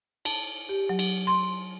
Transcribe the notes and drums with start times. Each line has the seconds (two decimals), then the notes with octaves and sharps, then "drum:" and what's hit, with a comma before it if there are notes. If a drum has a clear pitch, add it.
0.25 A5, drum: cymbal
0.69 G4
0.89 F#3
0.99 drum: cymbal
1.27 C6